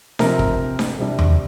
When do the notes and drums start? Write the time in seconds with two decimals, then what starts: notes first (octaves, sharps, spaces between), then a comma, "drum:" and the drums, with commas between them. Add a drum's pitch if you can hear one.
0.19 C3 F3 C4 A#4, drum: snare D4
0.39 drum: kick
0.79 drum: snare D4
0.99 C3 G3 D4
1.19 drum: tom E2